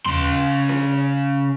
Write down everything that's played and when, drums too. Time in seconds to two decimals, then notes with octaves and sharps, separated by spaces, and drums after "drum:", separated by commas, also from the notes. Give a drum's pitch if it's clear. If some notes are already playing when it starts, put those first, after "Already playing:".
0.06 C#3 C6, drum: tom D#2
0.69 drum: snare C#4